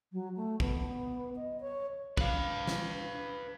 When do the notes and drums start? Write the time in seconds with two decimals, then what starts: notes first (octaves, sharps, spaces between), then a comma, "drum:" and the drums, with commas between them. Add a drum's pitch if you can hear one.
0.13 F#3
0.36 A3
0.60 B3, drum: kick
1.36 D#5
1.60 C#5
2.17 B4 F5, drum: kick
2.67 drum: snare